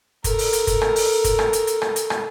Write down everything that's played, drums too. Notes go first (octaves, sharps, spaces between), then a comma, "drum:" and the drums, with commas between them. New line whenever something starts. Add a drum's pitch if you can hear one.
A4 A#4, drum: kick, hi-hat
drum: open hi-hat
drum: hi-hat
drum: kick, hi-hat
drum: rim click
drum: open hi-hat
drum: kick, hi-hat
drum: rim click
drum: hi-hat
drum: hi-hat
drum: rim click
drum: hi-hat
drum: rim click